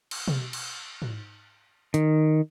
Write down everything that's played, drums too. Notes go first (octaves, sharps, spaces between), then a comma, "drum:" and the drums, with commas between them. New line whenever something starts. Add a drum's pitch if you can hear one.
drum: cymbal
drum: tom B2
drum: cymbal
drum: tom G#2
D#3, drum: hi-hat